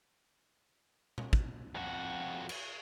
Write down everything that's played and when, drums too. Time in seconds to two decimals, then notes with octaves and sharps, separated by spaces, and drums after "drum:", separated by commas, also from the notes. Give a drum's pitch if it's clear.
1.18 drum: tom B2
1.33 drum: kick
1.75 F2 F#4
2.49 drum: cymbal